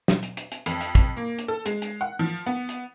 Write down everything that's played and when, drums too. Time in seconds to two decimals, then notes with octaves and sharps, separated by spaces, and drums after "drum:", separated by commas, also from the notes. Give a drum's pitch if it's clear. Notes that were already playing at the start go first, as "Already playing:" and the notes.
0.08 drum: snare
0.23 drum: hi-hat
0.37 drum: hi-hat
0.52 drum: hi-hat
0.66 F2, drum: hi-hat
0.81 drum: hi-hat
0.95 drum: kick, hi-hat
1.17 A#3
1.39 drum: hi-hat
1.48 A4
1.66 G#3, drum: hi-hat
1.82 drum: hi-hat
2.01 F#5
2.19 F3
2.46 B3
2.69 drum: hi-hat